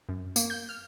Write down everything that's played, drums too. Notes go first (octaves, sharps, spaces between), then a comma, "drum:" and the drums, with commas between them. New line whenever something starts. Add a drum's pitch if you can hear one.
F#2
A#3, drum: tambourine
G6
F6